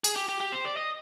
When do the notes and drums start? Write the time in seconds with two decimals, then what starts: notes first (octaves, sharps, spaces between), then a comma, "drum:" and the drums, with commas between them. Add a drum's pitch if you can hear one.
0.04 G#4, drum: tambourine
0.16 G4
0.29 G4
0.40 G4
0.52 C5
0.65 D5
0.77 D#5